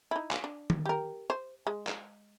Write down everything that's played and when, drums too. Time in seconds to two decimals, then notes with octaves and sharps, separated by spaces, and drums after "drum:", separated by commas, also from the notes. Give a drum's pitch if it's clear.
0.11 D#4 E4
0.31 drum: clap
0.44 D4
0.70 drum: tom D#3
0.86 G4 A#4
1.30 C5
1.67 G#3
1.87 drum: clap